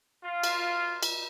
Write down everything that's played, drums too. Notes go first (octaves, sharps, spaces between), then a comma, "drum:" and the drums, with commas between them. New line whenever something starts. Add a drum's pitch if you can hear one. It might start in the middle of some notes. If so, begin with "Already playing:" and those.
F4
drum: cymbal
drum: cymbal